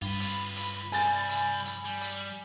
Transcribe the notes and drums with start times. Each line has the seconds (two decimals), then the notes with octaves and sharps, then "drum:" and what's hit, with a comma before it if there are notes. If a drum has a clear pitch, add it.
0.02 G2 F4 B4 B5
0.20 drum: hi-hat
0.56 drum: hi-hat
0.92 C2 G3 G#5 A6, drum: hi-hat
1.29 drum: hi-hat
1.65 drum: hi-hat
1.85 G3
2.01 drum: hi-hat